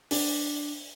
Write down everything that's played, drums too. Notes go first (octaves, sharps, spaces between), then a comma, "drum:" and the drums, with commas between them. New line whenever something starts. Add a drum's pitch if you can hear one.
D4, drum: open hi-hat